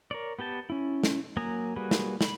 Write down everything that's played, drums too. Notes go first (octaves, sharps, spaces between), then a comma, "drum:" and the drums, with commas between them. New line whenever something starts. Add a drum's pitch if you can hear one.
A#4 C#5 D5
B3 G4 G5 A5
C#4 E4
drum: snare
F#3 A#3 G#5 A#5 D#6
G3 A#3 F#4 G#4 B4
drum: snare
B5, drum: snare